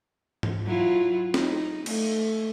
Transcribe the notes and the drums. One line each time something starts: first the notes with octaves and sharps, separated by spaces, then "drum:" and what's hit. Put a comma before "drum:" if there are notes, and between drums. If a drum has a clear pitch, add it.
drum: tom
F#3 E4 F4
D#4, drum: snare
A3, drum: cymbal